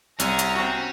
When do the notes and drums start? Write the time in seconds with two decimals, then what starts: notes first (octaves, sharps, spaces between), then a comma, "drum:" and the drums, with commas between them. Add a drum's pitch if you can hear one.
0.20 C2 C#4 A#5, drum: hi-hat
0.39 drum: hi-hat
0.55 C4 F#4